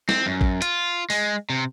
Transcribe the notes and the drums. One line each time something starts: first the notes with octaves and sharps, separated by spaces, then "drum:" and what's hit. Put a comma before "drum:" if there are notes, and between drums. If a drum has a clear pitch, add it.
C4, drum: snare
F#2
drum: kick A1
F4, drum: hi-hat
G#3, drum: open hi-hat
C3